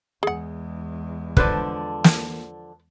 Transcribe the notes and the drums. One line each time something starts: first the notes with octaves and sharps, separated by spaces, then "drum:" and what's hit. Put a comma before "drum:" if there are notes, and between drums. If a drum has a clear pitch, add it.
E2 G#3 G#4 F#5
D3 F3 D4 B4 C5 D5, drum: kick
drum: snare